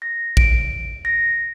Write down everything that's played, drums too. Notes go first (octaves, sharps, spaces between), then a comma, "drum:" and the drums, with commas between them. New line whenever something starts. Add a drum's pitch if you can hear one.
A#6
D7, drum: kick
A#6